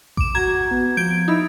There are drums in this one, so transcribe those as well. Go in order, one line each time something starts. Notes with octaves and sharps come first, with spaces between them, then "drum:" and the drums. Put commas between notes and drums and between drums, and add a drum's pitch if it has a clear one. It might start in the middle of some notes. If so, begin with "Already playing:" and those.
D6 E7, drum: kick A1
F#4 A#5 G#6
B3
F3 G6 G#6 D7
D#4 E4 B5